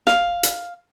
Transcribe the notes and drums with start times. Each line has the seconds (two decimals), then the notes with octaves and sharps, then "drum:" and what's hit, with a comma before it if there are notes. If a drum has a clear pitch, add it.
0.07 F5, drum: snare
0.43 drum: hi-hat